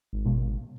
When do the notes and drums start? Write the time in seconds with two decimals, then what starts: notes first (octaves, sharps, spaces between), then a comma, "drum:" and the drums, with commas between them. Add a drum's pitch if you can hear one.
0.13 G#1
0.25 drum: tom B2